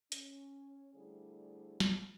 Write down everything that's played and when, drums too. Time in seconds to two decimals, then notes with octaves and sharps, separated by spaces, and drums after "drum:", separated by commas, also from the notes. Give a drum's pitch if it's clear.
0.12 C#4, drum: hi-hat
0.94 D3 G3 A3 E4 G#4 C5
1.80 drum: snare